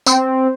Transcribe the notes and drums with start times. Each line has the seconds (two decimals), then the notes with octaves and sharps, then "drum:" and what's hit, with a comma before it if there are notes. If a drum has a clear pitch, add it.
0.06 C4, drum: tambourine